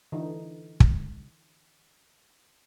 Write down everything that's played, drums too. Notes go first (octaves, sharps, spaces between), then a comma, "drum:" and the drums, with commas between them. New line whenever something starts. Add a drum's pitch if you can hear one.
D3 E3 D#4
drum: kick